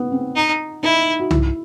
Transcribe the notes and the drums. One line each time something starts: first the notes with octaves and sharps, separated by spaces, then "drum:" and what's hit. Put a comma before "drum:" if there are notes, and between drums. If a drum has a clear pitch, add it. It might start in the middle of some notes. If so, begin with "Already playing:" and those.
Already playing: B3
C4
D#4
D#4 E4
F#4
E4, drum: tom C2